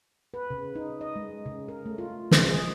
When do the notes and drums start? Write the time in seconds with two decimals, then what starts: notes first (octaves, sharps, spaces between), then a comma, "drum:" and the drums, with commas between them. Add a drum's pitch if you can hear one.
0.34 B4
0.50 C#3
0.76 D#4
1.01 D#5
1.16 G#3
1.46 C#3
1.68 A#4
1.86 A3
1.98 F4
2.31 G#3, drum: snare
2.48 G#4